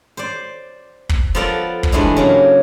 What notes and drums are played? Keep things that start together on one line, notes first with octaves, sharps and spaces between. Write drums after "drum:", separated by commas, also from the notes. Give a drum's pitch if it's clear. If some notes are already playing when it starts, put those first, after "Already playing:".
C5 D5
drum: kick
F3 B3 F4 A4 A#4 D5
drum: kick
G2 E3 G#3 A3 D4 E4
C#3 F#3 A#3